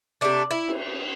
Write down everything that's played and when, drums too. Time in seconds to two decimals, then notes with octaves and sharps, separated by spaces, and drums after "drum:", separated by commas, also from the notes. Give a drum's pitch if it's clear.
0.21 C3 A3 D4
0.51 E4
0.68 drum: cymbal